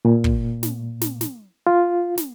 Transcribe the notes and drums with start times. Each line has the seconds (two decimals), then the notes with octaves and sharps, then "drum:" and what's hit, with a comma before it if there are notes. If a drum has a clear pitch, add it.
0.05 A#2
0.24 drum: kick
0.63 drum: snare
1.01 drum: snare
1.21 drum: snare
1.67 F4
2.18 drum: snare